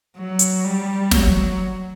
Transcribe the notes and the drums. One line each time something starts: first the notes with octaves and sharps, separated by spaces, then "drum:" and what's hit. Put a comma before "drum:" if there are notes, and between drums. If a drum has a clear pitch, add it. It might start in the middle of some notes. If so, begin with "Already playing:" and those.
F#3
drum: hi-hat
G3
F#3, drum: snare